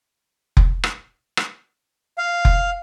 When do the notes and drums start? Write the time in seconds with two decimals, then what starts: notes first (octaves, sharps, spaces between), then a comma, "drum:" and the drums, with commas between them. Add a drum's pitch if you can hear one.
0.57 drum: kick F1
0.84 drum: rim click
1.37 drum: rim click
2.18 F5
2.45 drum: kick F1